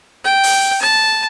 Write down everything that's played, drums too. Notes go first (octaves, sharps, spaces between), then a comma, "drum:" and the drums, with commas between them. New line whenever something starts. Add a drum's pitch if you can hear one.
G5
drum: open hi-hat
A5